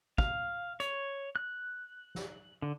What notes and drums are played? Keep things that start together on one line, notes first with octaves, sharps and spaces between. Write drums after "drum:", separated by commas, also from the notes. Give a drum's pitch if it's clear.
F5, drum: kick
C#5, drum: hi-hat
F#6
drum: snare
D3